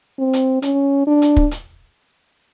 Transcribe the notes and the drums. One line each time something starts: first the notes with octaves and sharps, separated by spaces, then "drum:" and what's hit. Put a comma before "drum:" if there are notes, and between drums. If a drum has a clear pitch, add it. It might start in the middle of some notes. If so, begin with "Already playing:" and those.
C4
drum: hi-hat
C#4, drum: hi-hat
D4
drum: hi-hat
drum: kick
drum: hi-hat